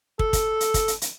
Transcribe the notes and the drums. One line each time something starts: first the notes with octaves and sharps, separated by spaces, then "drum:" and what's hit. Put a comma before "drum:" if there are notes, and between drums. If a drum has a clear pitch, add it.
A4, drum: kick
drum: kick, hi-hat
drum: hi-hat
drum: kick, hi-hat
drum: hi-hat
drum: hi-hat